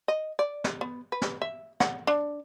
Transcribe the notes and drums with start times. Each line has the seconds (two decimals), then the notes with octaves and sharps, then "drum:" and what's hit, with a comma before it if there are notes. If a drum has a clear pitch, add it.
0.08 D#5
0.39 D5
0.64 drum: snare
0.81 B3
1.12 B4
1.22 drum: snare
1.42 E5
1.80 F#5, drum: snare
2.07 D4